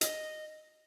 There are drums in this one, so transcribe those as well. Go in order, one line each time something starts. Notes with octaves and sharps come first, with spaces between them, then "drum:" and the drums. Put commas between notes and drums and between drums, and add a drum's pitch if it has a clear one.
D#5, drum: hi-hat